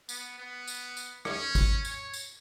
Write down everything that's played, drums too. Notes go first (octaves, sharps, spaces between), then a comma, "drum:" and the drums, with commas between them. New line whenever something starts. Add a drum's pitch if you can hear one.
B3, drum: tambourine
B3
drum: tambourine
drum: tambourine
C#4, drum: rim click
drum: kick G#1, tambourine
C#5, drum: tambourine
drum: tambourine